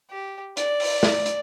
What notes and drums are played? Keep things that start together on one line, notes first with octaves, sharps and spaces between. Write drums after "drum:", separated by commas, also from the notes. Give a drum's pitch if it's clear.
G4
D5, drum: hi-hat
drum: open hi-hat
drum: snare
drum: hi-hat